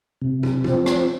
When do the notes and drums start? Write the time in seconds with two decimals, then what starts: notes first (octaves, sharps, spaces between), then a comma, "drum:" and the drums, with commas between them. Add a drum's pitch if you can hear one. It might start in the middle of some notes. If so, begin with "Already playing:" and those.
0.22 C3
0.43 drum: tom
0.64 F3 C4, drum: tom
0.86 drum: rim click